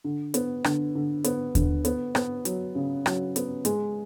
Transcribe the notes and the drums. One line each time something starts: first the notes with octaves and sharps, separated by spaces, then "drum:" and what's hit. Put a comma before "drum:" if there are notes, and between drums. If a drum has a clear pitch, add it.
D3
B3, drum: hi-hat
D3, drum: rim click
D3
B3, drum: hi-hat
D3, drum: kick D#2, hi-hat
B3, drum: hi-hat
B3, drum: rim click
F#3, drum: hi-hat
C#3
F#3, drum: rim click
B3, drum: hi-hat
G#3, drum: hi-hat